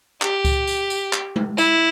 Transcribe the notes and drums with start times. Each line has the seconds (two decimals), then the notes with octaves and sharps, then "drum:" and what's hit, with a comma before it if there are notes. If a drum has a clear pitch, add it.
0.22 G4, drum: clap
0.45 drum: kick C#2, tambourine
0.67 drum: tambourine
0.90 drum: tambourine
1.13 drum: clap
1.36 drum: tom G#3
1.58 E4, drum: tambourine